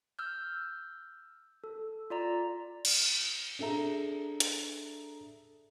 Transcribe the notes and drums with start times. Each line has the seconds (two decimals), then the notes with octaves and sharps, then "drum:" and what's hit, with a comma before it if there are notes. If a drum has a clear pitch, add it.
0.19 E6 F6 G6
1.64 A4
2.10 F4 D5 A#5
2.85 drum: cymbal
3.59 D4 G#4 A4 E5 A#5
4.40 drum: hi-hat